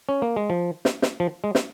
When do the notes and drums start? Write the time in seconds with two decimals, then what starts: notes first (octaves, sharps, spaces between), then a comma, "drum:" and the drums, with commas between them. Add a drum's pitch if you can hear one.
0.09 C#4
0.22 A#3
0.36 G#3
0.50 F3
0.85 drum: snare
1.02 drum: snare
1.20 F3
1.44 G#3
1.55 drum: snare